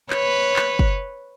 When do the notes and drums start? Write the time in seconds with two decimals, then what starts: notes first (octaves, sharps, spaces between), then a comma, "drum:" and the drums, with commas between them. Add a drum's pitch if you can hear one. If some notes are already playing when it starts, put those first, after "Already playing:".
0.10 B4 C#5, drum: clap
0.56 drum: clap
0.79 drum: kick